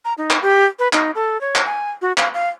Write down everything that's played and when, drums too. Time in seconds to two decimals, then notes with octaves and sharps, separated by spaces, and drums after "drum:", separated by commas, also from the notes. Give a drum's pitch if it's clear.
0.05 A#5
0.18 D#4
0.30 drum: clap
0.42 G4
0.79 B4
0.93 D#4, drum: clap
1.15 A4
1.41 C#5
1.55 drum: clap
1.65 G#5
2.02 F#4
2.18 F5, drum: clap
2.34 F5